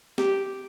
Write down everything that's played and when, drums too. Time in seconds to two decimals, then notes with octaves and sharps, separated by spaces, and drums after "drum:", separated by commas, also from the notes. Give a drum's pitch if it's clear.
0.18 G4, drum: snare